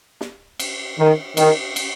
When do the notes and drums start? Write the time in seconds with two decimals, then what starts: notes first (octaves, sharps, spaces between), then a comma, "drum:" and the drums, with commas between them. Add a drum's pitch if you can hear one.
0.21 drum: snare
0.59 drum: cymbal
0.98 D#3
1.37 D#3, drum: cymbal
1.76 drum: cymbal